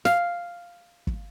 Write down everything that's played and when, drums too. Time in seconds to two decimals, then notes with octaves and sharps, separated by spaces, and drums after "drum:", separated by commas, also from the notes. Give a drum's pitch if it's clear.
0.05 F5, drum: snare
1.07 drum: kick